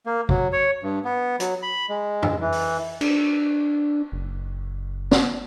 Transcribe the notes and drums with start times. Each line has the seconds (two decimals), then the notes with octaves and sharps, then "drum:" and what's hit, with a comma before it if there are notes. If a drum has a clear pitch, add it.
0.06 A#3
0.29 F#3, drum: kick
0.53 C#5
0.83 G2
1.05 B3
1.40 F#3, drum: hi-hat
1.63 B5
1.89 G#3
2.23 drum: tom
2.40 E3
2.52 drum: open hi-hat
3.01 D4, drum: cymbal
4.12 F#1
5.11 drum: snare